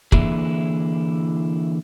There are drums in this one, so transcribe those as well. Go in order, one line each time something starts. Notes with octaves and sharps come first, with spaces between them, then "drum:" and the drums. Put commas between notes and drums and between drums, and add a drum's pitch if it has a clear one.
D3 E3 A#3 E4 F#4 G#4, drum: kick